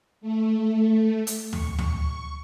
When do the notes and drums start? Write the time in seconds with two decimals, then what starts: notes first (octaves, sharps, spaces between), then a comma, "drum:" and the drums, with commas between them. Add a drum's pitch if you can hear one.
0.21 A3
1.27 drum: hi-hat
1.53 C#6, drum: tom
1.79 drum: tom